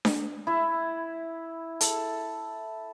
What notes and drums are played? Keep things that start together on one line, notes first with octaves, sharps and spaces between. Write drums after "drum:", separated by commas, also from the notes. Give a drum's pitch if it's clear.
drum: snare D4
E4 E5
A4, drum: hi-hat